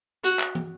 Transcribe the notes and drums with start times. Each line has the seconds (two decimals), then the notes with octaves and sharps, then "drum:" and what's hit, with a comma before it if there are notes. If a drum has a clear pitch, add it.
0.24 F#4, drum: hi-hat
0.39 drum: clap
0.55 drum: tom